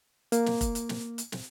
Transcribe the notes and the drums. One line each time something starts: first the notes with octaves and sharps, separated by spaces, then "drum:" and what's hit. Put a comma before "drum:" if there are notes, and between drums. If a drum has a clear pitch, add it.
A#3, drum: hi-hat
drum: snare
drum: kick F1, hi-hat
drum: hi-hat
drum: snare
drum: hi-hat
drum: snare